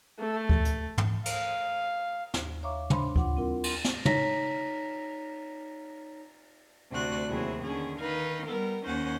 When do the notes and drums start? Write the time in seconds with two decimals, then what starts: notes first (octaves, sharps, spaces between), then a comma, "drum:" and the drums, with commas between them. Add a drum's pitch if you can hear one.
0.19 A3
0.49 drum: kick D2
0.65 drum: hi-hat
0.98 drum: tom
1.26 F5, drum: cymbal
2.34 D#2, drum: snare
2.63 C#5 E5 F5 A#5 C#6 D6
2.90 D4 C5 B5 C6, drum: tom
3.16 F4 F#5 D6, drum: kick D2
3.36 G3 C4 E4 F4 A#4
3.64 C6, drum: cymbal
3.84 drum: snare
4.05 D#4 C#5 A#5 A#6 B6, drum: tom
6.92 D2 C3 A3 F#4 D5 F#6
7.29 D#2 C3 F#3 E4 G#4
7.62 D3 D#3 C#4 G#4
7.97 D#3 D#4 B4 F5
8.47 G3 B3 A#4
8.85 D#2 C#4 D#4 C5 F#5